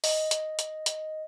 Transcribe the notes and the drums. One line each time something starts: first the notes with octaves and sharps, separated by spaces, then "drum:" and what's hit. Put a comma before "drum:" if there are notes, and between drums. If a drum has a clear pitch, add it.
D#5, drum: open hi-hat
drum: hi-hat
drum: hi-hat
drum: hi-hat